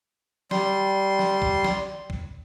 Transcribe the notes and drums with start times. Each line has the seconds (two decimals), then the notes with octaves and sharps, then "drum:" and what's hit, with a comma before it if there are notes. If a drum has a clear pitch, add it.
0.51 G3 C6, drum: snare
1.19 drum: snare
1.42 drum: kick
1.64 drum: snare
2.10 drum: kick